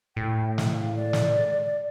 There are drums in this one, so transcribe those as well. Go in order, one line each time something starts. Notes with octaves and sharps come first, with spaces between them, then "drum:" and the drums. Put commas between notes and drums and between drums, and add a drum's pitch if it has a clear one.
A2 G5
drum: snare
F5
D5
drum: snare